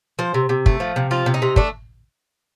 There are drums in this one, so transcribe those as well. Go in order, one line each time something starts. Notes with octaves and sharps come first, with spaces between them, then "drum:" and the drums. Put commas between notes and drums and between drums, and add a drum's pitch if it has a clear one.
F3 C5
C3
C3
A3, drum: kick
F3
C3
F3 F4
C3
D#4
C3
A3 D4, drum: kick